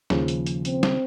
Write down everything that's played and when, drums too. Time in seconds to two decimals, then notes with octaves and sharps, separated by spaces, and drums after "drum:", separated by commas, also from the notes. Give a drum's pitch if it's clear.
0.10 D#2 C#3 F3, drum: snare
0.28 drum: hi-hat
0.46 drum: hi-hat
0.65 C4, drum: hi-hat
0.83 drum: snare